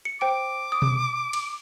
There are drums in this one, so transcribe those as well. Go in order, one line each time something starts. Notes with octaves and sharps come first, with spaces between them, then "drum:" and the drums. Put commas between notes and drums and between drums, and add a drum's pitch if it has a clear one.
C#7
C5 G5 D6 D7
D#6
drum: tom B2
drum: cymbal